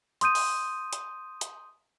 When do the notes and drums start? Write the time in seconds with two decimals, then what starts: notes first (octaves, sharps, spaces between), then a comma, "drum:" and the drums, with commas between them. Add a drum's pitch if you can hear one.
0.21 C6 D#6 G6 D#7, drum: hi-hat
0.35 drum: open hi-hat
0.93 drum: hi-hat
1.41 drum: hi-hat